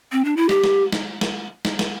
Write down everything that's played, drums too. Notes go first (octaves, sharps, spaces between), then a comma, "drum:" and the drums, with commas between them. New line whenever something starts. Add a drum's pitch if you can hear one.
C4
D4
E4
G4, drum: snare
drum: snare
drum: snare
drum: snare
drum: snare
drum: snare